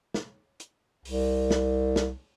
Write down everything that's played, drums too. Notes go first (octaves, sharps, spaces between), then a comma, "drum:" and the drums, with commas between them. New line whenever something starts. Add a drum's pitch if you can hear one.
drum: snare
drum: hi-hat
C2, drum: open hi-hat
drum: snare
drum: snare